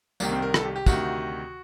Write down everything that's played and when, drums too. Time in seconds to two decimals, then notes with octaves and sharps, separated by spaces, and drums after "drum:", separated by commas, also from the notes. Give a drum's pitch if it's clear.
0.20 C2 C3 D#3 A#3, drum: tambourine
0.31 C4
0.42 A#4
0.54 A4, drum: rim click
0.65 G4
0.76 G4
0.86 D2 C3 D#3 F#4, drum: kick, tambourine